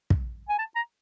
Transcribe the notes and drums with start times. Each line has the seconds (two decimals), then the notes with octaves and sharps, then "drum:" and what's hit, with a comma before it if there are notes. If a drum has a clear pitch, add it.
0.10 drum: kick
0.49 G#5
0.59 A5
0.76 A#5